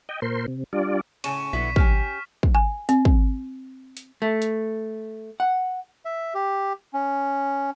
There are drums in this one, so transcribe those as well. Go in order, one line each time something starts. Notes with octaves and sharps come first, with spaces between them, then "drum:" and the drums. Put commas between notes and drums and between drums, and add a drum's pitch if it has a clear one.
D#5 G5
A#2 A#4 C5 C6
C3
G3 D4 F4 D5
A2 C#3 C#4 C#6 D#7 E7, drum: cymbal
B1 D3 B3 E4 B6
C#4 G4 G#5 F6, drum: kick
drum: kick
G#5
C4, drum: hi-hat
drum: kick
drum: hi-hat
A3
drum: hi-hat
F#5
E5
G4
C#4